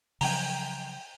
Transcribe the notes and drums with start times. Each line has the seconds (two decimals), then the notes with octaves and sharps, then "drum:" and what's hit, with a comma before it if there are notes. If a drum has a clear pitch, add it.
0.21 C#3 F3 F#3 G5 G#5 A#5, drum: open hi-hat